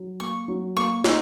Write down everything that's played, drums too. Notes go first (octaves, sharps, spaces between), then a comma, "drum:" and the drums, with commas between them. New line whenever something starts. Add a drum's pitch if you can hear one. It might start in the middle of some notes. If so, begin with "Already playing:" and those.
Already playing: F#3
A#3 C#6
F#3
A#3 C#6
D#4, drum: snare